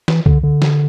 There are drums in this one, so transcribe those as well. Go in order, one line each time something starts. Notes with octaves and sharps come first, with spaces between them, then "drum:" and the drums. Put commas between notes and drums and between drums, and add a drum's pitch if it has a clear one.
E3, drum: snare
D3, drum: kick C2
D3
drum: snare